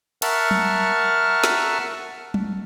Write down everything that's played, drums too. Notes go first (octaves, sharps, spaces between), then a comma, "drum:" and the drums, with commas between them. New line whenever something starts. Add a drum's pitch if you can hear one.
A#4 E5 F#5 A5 C#6 F6, drum: cymbal
drum: tom
drum: snare
drum: tom